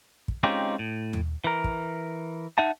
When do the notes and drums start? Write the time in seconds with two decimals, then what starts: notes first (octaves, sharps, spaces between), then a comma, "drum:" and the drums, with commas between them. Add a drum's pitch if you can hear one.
0.28 drum: kick
0.43 G#3 C4 C#4 D#4 F4 G4
0.79 A2
1.13 drum: tom D#2
1.44 E3 A#4
1.64 drum: kick
2.58 D#4 E5 F#5 A5